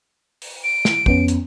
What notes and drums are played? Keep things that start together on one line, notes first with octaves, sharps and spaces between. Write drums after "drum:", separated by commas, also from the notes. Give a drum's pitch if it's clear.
drum: open hi-hat
D7
drum: snare
F2 B3 C#4, drum: kick
drum: hi-hat